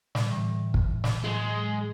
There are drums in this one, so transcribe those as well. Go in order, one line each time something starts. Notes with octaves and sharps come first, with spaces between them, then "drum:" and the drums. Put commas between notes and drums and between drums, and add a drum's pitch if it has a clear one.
D3 G3, drum: snare
A2 E3 G3
drum: kick
drum: snare
A2 F#3 G#3